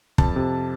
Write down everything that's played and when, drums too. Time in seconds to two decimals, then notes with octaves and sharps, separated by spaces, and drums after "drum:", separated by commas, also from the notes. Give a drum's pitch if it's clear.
0.18 F2 A5, drum: kick
0.36 C3